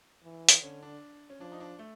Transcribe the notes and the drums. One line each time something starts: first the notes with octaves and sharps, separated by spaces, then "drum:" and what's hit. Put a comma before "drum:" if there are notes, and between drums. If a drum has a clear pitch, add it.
E3
drum: hi-hat
D3 C#4
D4
C#4
F3 D4
D#4
D4
A3